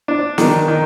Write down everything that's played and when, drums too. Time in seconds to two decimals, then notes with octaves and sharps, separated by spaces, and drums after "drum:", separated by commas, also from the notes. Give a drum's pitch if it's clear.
0.08 D4
0.38 D#3, drum: snare
0.68 D#3